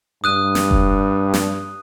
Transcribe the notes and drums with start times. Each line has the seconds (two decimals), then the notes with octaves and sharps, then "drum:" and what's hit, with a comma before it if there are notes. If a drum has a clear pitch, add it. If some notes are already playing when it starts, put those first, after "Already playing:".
0.24 G2 D#6 F#6 D#7
0.55 drum: snare
0.71 drum: kick F1
1.34 drum: snare